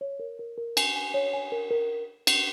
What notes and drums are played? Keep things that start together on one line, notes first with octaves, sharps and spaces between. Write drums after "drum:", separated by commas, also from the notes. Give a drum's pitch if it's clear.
C#5
A#4
A#4
A#4
G#5, drum: cymbal
G#5
C#5
G#5
A#4
A#4
drum: cymbal